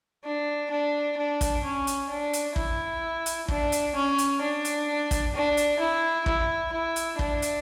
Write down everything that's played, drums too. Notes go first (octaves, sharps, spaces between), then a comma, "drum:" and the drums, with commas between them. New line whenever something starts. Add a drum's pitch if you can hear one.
D4
D4
D4
drum: kick, hi-hat
C#4
drum: hi-hat
D4
drum: hi-hat
E4, drum: kick
drum: hi-hat
D4, drum: kick
drum: hi-hat
C#4
drum: hi-hat
D4
drum: hi-hat
drum: kick, hi-hat
D4
drum: hi-hat
E4
E4, drum: kick
E4
drum: hi-hat
D4, drum: kick
drum: hi-hat